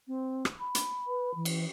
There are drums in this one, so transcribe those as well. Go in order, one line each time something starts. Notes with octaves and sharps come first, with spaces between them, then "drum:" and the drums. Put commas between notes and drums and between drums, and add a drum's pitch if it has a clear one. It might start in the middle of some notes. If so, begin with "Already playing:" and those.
C4
drum: rim click
B5
drum: hi-hat
B4
E3
drum: cymbal